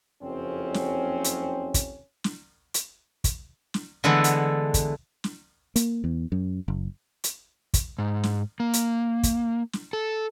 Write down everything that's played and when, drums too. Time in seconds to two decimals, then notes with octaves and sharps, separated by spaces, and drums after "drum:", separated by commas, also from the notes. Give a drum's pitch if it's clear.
0.23 F#1 F2 C4 C#4
0.74 drum: snare
1.24 drum: hi-hat
1.74 drum: kick, hi-hat
2.24 drum: snare
2.74 drum: hi-hat
3.24 drum: kick, hi-hat
3.74 drum: snare
4.04 D3 E3 G#3 A3 B3 E4
4.24 drum: hi-hat
4.74 drum: kick, hi-hat
5.24 drum: snare
5.76 A#3, drum: hi-hat
6.04 E2
6.32 F#2
6.68 F#1
7.24 drum: hi-hat
7.74 drum: kick, hi-hat
7.99 G#2
8.24 drum: snare
8.60 A#3
8.73 drum: hi-hat
9.23 drum: kick, hi-hat
9.73 drum: snare
9.93 A4